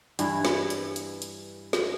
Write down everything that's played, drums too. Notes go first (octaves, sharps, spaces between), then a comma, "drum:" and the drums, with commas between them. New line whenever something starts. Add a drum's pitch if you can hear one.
G2 E3 E4, drum: hi-hat
drum: snare
drum: hi-hat
drum: hi-hat
drum: hi-hat
drum: snare